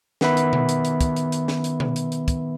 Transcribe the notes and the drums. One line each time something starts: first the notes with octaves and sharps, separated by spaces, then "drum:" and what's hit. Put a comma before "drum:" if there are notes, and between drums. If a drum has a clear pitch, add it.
D#3 B3 B4 E5 B5, drum: snare
drum: hi-hat
drum: tom B2
drum: hi-hat
drum: hi-hat
drum: kick, hi-hat
drum: hi-hat
drum: hi-hat
drum: snare
drum: hi-hat
drum: tom B2
drum: hi-hat
drum: hi-hat
drum: kick, hi-hat